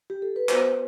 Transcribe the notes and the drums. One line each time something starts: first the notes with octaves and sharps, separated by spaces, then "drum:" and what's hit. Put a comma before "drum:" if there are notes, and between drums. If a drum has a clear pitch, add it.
G4
A4
B4
B3 F#4 C5, drum: clap
B4